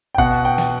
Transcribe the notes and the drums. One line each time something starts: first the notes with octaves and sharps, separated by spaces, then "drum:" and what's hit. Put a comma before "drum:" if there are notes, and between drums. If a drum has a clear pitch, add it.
G5
B2 F#5, drum: kick G#1
G5
drum: snare